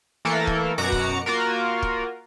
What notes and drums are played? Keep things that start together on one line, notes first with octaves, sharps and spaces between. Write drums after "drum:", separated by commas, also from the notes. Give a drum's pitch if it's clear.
E3 A3 A#3 A4 A#4
drum: kick
F#2 B2 F#4 A#5 D6 C#7
drum: kick
A#3 F4 F#4 A#4
drum: kick